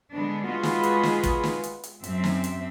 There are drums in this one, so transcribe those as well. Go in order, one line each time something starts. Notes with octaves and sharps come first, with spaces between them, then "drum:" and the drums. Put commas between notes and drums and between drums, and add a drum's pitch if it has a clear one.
D3 G#3 B3 D4
G#3 B3 F4 F#4 G#4 B4
drum: snare
drum: hi-hat
drum: snare
drum: kick, hi-hat
drum: snare
drum: hi-hat
drum: hi-hat
F#2 C4 E5, drum: hi-hat
drum: snare
drum: hi-hat